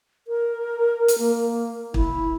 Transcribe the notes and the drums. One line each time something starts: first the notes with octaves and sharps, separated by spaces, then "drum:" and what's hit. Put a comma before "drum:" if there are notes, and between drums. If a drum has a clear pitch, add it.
A#4
drum: hi-hat
A#3
E4, drum: kick